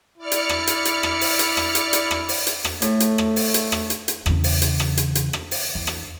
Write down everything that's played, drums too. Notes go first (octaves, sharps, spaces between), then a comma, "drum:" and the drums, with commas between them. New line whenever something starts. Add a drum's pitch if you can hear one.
E4 D5 F6 C#7
drum: hi-hat
drum: rim click
drum: hi-hat
drum: hi-hat
drum: rim click
drum: open hi-hat
drum: hi-hat
drum: rim click
drum: hi-hat
drum: hi-hat
drum: rim click
drum: open hi-hat
drum: hi-hat
drum: rim click
A2 A3, drum: hi-hat
drum: hi-hat
drum: rim click
drum: open hi-hat
drum: hi-hat
drum: rim click
drum: hi-hat
drum: hi-hat
E2 C#3, drum: rim click
drum: open hi-hat
drum: hi-hat
drum: rim click
drum: hi-hat
drum: hi-hat
drum: rim click
drum: open hi-hat
E2
drum: rim click